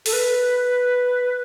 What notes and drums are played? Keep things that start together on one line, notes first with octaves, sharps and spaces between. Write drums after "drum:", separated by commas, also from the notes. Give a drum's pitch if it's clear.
A4, drum: open hi-hat
B4